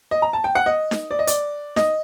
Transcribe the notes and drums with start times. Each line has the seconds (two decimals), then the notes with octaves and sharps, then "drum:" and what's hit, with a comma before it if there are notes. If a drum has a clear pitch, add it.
0.11 D#5
0.22 A#5
0.33 A5
0.44 G5
0.55 F#5
0.66 D#5
0.91 drum: snare D#4
1.11 D5
1.19 D#5
1.27 D5, drum: hi-hat
1.76 D#5, drum: snare D#4